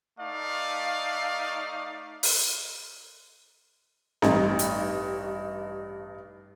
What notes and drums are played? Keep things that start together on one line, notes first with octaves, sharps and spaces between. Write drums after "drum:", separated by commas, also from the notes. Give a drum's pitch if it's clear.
A3 D#4 D5 F5
drum: open hi-hat
A1 G2 D#4, drum: snare C4
drum: hi-hat